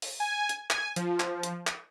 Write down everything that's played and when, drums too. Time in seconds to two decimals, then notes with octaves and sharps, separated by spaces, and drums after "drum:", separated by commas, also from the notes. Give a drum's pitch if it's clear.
0.02 drum: open hi-hat
0.20 G#5
0.49 drum: hi-hat
0.70 G#5, drum: clap
0.96 F3, drum: hi-hat
1.20 drum: clap
1.43 drum: hi-hat
1.67 drum: clap